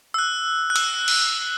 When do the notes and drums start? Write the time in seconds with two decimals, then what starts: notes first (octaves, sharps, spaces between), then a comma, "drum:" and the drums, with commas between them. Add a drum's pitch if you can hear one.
0.14 E6
0.18 F#6
0.70 F#6
0.76 E6, drum: cymbal
1.08 drum: cymbal